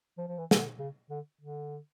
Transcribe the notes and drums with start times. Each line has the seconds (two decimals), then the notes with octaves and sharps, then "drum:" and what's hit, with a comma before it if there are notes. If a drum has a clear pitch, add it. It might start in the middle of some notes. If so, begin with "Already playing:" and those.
0.18 F3
0.28 F3
0.38 E3
0.51 E3, drum: snare
0.58 D3
0.79 C#3
1.10 D3
1.41 D3